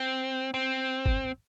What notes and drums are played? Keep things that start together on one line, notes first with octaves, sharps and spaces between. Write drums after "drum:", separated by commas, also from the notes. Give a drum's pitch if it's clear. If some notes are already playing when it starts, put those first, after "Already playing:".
Already playing: C4
C4
drum: kick